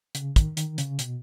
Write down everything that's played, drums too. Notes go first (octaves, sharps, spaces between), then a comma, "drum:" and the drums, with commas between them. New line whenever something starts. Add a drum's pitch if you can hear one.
C#3, drum: hi-hat
D#3, drum: kick, hi-hat
D#3, drum: hi-hat
C#3, drum: hi-hat
B2, drum: hi-hat